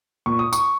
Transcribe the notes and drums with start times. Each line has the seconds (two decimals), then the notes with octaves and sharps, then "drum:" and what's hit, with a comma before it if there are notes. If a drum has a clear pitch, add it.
0.26 A#2 C#6
0.39 D#6
0.53 C#6, drum: tambourine